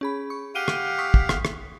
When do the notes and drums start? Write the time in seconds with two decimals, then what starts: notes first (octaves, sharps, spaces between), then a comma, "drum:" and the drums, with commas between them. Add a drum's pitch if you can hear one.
0.01 C#4 G#4 B5
0.30 C#6
0.55 G4 F5 F#5 D7 D#7 G7
0.68 drum: rim click
0.99 C#6 D#6 B6
1.14 drum: kick
1.29 drum: rim click
1.45 drum: rim click